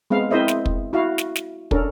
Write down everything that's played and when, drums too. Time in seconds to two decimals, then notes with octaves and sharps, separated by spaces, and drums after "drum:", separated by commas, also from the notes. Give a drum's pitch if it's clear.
0.10 G#3 B3 C4 F5
0.31 C4 E4 A#4 C5 D#5 E5
0.48 drum: snare
0.66 drum: kick
0.93 E4 F#4 F5
1.18 drum: snare
1.36 drum: snare
1.71 C#4 D4 A4 A#4, drum: kick